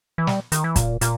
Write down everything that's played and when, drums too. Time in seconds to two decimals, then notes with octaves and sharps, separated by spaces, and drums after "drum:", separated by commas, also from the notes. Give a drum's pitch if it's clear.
0.18 E3
0.27 G3, drum: snare
0.52 D#3, drum: hi-hat
0.64 E3
0.76 A#2, drum: kick, hi-hat
1.01 A#2, drum: hi-hat